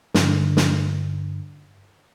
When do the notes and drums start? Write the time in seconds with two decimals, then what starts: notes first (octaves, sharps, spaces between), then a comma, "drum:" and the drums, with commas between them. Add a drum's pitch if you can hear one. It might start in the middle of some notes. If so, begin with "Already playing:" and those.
0.14 G2 D3, drum: snare
0.57 drum: snare